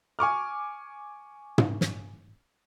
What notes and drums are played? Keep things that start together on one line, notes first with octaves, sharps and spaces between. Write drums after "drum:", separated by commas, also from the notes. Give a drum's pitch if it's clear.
G#5 C#6 D6 F6
drum: tom
drum: snare